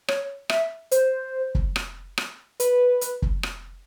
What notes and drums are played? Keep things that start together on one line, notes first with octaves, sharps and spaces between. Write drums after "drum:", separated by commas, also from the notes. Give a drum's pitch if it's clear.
C#5, drum: rim click
E5, drum: rim click
C5, drum: hi-hat
drum: kick
drum: rim click
drum: rim click
B4, drum: hi-hat
drum: hi-hat
drum: kick
drum: rim click